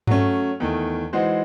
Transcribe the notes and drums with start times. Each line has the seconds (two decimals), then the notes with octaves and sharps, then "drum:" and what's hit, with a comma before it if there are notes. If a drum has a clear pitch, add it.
0.07 F#3 A3 C#4, drum: tom G2
0.60 E2 D#3 A3
1.13 E3 G#3 D#4 F#4 C5